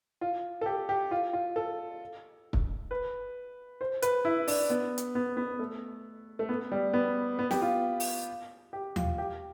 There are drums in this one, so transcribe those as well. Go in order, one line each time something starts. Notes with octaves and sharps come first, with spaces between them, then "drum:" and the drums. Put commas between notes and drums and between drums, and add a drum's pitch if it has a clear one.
F4
A4
G4
G4
F4
F4
A4
drum: kick
B4
C5
B4, drum: hi-hat
E4
D4, drum: open hi-hat
B3
drum: hi-hat
B3
B3
A3
A3
B3
G3
B3
B3
G4, drum: snare
F4
drum: open hi-hat
G4
F4, drum: tom D#2
G4